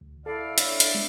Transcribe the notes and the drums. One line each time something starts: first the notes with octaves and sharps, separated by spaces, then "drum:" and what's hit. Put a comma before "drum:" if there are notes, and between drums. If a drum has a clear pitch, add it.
D2
E4 A4 D5 F5
D4 C#5 E5, drum: hi-hat
drum: hi-hat
G#3 C4